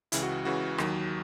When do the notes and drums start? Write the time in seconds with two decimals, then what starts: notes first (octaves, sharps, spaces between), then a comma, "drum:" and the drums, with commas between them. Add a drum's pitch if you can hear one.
0.12 C#2 C#3 E3 E4, drum: hi-hat
0.23 F#4
0.45 C#2 C#3 E3 F#4
0.78 D#2 D#3 F#3, drum: rim click